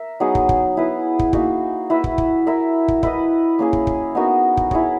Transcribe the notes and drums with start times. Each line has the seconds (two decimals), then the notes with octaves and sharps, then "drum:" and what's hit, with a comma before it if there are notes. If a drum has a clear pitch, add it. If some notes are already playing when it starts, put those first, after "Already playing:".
Already playing: A#4 E5
0.20 F#3 B3 D#4 G#4
0.35 drum: kick
0.49 drum: kick
0.77 B3 E4 B4
1.19 drum: kick
1.33 A#3 D#4 F#4, drum: kick
1.90 E4 B4 E5
2.04 drum: kick
2.18 drum: kick
2.47 E4 A#4 E5
2.88 drum: kick
3.03 E4 B4 D#5, drum: kick
3.59 A#3 C#4 G#4
3.73 drum: kick
3.87 drum: kick
4.15 B3 D#4 F#4 A#4
4.57 drum: kick
4.71 E4 G#4 C#5, drum: kick